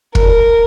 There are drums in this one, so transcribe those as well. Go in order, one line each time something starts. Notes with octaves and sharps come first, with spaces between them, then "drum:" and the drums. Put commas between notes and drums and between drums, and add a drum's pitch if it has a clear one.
A#4, drum: kick